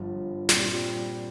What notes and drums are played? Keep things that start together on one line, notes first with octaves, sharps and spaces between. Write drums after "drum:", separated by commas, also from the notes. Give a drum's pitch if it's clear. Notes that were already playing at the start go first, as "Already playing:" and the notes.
Already playing: G1 G2 F3
A#2 G3 C4, drum: snare